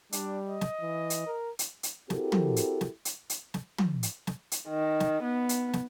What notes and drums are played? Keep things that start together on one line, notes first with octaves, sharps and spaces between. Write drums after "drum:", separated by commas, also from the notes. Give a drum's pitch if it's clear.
G3 D4, drum: hi-hat
D#5
drum: snare
E3
drum: hi-hat
A#4
drum: hi-hat
drum: hi-hat
C4 E4 F#4 G4 A4 A#4, drum: snare
drum: tom
drum: hi-hat
drum: snare
drum: hi-hat
drum: hi-hat
drum: snare
drum: tom
drum: hi-hat
drum: snare
drum: hi-hat
D#3
drum: snare
B3
drum: hi-hat
drum: snare